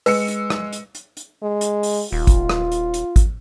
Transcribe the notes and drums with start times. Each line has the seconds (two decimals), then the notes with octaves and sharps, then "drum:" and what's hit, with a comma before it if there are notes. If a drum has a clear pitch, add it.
0.06 G#3 B4 E6 C#7, drum: open hi-hat
0.28 drum: hi-hat
0.50 drum: rim click
0.73 drum: hi-hat
0.95 drum: hi-hat
1.17 drum: hi-hat
1.43 G#3
1.61 drum: hi-hat
1.83 drum: open hi-hat
2.12 D#1 F4
2.27 drum: kick G#1, hi-hat
2.49 drum: rim click
2.72 drum: hi-hat
2.94 drum: hi-hat
3.16 drum: kick G#1, hi-hat